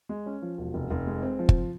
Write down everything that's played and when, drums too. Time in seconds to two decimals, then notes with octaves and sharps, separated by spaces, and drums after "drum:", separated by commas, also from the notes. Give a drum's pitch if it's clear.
0.09 G#3
0.26 C#4
0.42 F3
0.58 E1
0.74 F1
0.90 F1
1.07 G#3
1.23 C4
1.39 F3
1.49 drum: kick